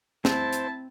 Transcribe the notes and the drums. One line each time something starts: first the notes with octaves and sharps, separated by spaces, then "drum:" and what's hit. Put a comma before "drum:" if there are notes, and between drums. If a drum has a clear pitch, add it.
C4 E4 C5 A5, drum: snare
drum: hi-hat